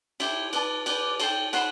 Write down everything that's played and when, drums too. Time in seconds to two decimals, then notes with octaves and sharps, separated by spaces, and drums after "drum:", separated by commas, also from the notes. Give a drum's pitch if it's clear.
0.20 E4 G4 C5, drum: cymbal
0.53 B4 D5 A5, drum: cymbal
0.86 G4 B4 D5, drum: cymbal
1.20 A4 C5 G5, drum: cymbal
1.53 C5 F#5 B5, drum: cymbal